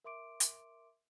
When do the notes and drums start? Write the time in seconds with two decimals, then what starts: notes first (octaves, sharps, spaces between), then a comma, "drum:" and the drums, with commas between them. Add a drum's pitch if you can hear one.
0.04 A#4 E5 C6 D6 D7
0.40 drum: hi-hat